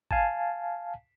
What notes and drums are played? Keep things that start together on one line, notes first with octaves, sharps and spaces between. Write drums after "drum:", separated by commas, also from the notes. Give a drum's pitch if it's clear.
F5 G#5 A5, drum: kick G#1